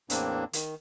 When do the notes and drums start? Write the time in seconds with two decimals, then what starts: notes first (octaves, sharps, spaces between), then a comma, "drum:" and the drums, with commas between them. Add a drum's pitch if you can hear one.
0.10 E2 A2 A#3 C4 D4, drum: hi-hat
0.53 D#3, drum: hi-hat